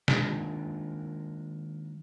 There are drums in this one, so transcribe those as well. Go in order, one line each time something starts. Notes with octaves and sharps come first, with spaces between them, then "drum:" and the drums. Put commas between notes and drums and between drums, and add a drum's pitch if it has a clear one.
D#3 G#3 A#3 D4 F4, drum: snare